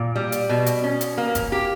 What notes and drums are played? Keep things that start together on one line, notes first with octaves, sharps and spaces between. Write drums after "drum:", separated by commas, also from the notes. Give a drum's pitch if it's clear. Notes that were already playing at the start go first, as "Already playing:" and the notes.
Already playing: A#2
G3
drum: hi-hat
B2
drum: hi-hat
C#4
drum: hi-hat
A#3
drum: kick F1, hi-hat
G4